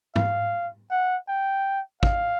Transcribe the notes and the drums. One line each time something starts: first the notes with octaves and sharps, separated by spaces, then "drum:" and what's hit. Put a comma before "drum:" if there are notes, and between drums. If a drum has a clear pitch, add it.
F5, drum: tom G#2
F#5
G5
F5, drum: kick